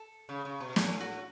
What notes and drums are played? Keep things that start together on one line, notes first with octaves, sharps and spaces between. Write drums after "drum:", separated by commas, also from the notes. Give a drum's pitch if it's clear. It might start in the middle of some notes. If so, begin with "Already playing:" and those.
Already playing: A4
C#3
C#3
B2
A2 G#4, drum: snare
F#4